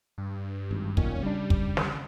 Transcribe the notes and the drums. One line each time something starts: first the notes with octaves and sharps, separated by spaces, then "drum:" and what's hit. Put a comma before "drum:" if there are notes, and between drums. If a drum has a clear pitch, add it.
G2
G#1
B1 A#2 D#3 C#4, drum: kick
C#3 G3 C#4 D4
drum: kick
drum: snare